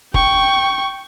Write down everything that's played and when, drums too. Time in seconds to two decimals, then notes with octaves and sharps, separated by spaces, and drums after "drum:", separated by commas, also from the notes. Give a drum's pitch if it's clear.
0.14 G5 C#6, drum: kick F1